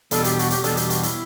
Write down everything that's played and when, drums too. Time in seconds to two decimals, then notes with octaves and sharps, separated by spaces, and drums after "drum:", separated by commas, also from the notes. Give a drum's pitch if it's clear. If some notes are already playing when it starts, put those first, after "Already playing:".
0.11 E2 B2 G3 D4 A4, drum: hi-hat
0.24 G4, drum: hi-hat
0.39 F#4, drum: hi-hat
0.50 G4, drum: hi-hat
0.64 E2 B2 G3 D4 A4, drum: hi-hat
0.77 G4, drum: hi-hat
0.90 F#4, drum: hi-hat
1.03 E4, drum: hi-hat